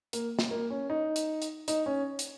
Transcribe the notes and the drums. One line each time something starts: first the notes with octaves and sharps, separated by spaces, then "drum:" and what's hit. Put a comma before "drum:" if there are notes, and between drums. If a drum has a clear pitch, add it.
A#3, drum: hi-hat
drum: snare
A#3
C#4
D#4
drum: hi-hat
drum: hi-hat
D#4, drum: hi-hat
C#4
drum: hi-hat